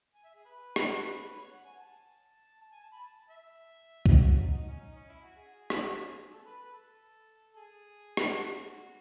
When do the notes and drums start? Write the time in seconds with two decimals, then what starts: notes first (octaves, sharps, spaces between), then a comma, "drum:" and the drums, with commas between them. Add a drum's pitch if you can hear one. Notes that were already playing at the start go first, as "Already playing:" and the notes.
0.15 G#5
0.24 E5
0.35 G#4
0.45 B4
0.76 drum: rim click
1.38 C#5
1.52 F#5
1.65 G#5
1.79 A5
2.62 A5
2.72 G#5
2.82 A5
2.92 B5
3.03 A5
3.30 E5
4.06 drum: kick C2
4.26 F#4
4.40 D#4
4.53 D#4
4.68 C#4
4.81 D#4
4.95 C#4
5.09 E4
5.23 F#4
5.36 G#4
5.70 drum: rim click
6.32 A4
6.45 B4
6.59 B4
6.73 A4
7.56 G#4
8.17 drum: rim click
8.38 F#4